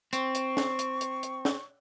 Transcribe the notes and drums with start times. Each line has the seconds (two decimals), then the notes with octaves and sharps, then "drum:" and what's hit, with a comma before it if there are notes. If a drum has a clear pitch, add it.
0.13 C4 C#6, drum: hi-hat
0.35 drum: hi-hat
0.57 drum: snare
0.79 drum: hi-hat
1.01 drum: hi-hat
1.23 drum: hi-hat
1.45 drum: snare